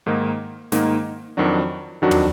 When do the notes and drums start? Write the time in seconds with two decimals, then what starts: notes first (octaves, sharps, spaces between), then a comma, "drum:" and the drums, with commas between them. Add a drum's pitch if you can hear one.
0.06 G#2 D#3 A#3 D#4
0.72 G#2 D#3 A#3 D#4, drum: snare
1.37 F2 D#3 F#3 D4 F#4
2.02 F2 D#3 F#3 D4 F#4
2.11 drum: tom